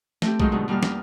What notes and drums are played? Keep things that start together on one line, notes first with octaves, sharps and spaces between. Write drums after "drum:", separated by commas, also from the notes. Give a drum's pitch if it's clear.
A3 C4 G4, drum: snare
G#2 D#3 F#3 G#3 F4, drum: kick A#1
G#2 B2 D3
E2 G3 A#3 D4 F6
drum: snare